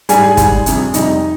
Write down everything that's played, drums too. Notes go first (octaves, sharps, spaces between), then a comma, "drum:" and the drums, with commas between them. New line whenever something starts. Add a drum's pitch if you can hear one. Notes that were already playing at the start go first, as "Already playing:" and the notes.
G#2 G3 G#4 G#5, drum: hi-hat
G#4 G#5
G#2 G3, drum: kick, hi-hat
F2 C3 G3, drum: hi-hat
F2 C3 G3 D#4 D#5, drum: hi-hat